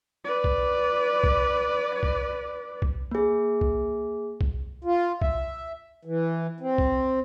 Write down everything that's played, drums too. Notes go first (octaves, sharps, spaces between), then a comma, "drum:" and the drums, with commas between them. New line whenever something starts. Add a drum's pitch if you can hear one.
B4 D5
drum: kick C2
drum: kick C2
drum: kick C2
drum: kick C2
A#3 G#4
drum: kick C2
drum: kick C2
F4
E5, drum: kick C2
E3
C4
drum: kick C2